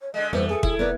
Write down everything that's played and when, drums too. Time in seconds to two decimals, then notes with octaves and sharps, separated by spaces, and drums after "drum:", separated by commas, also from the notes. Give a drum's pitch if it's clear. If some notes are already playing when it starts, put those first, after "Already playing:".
0.01 C#5
0.14 D3 G#3 D#5
0.33 F2 E3 G3 A3 B3 C5
0.49 G#4 A4
0.63 F1 E4, drum: kick
0.79 B3 A#4 B4 D5